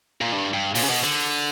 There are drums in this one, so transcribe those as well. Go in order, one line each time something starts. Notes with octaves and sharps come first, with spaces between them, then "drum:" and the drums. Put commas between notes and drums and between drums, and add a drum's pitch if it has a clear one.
A#2
G2
G2
A#2, drum: open hi-hat
C#3
B2
D3